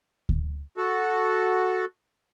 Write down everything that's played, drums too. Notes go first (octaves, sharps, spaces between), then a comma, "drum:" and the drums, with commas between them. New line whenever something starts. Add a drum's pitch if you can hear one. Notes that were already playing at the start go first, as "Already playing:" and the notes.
drum: kick D2
F#4 A4